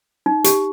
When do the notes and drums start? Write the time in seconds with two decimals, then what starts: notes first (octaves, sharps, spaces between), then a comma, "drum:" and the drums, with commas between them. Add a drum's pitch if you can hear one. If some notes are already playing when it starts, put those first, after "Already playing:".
0.26 D#4
0.44 G4, drum: hi-hat